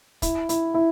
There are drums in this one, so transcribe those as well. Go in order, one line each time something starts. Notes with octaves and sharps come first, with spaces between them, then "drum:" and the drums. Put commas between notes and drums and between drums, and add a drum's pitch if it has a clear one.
E4, drum: kick, hi-hat
E4, drum: hi-hat
E4